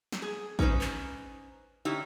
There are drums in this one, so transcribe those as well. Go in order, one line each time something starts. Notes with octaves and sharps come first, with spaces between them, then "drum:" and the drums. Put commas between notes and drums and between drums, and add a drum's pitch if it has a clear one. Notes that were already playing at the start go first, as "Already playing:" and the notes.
drum: snare
G#4
C#4 D#4 A4 B4 C5, drum: kick
drum: clap
D3 C#4 D#4 E4 G4